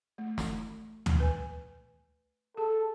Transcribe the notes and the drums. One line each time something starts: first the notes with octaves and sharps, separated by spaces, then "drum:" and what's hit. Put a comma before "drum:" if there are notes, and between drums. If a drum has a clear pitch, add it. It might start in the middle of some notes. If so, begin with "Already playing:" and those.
A3
drum: snare
drum: tom D2
B4 G#5
G#4 A4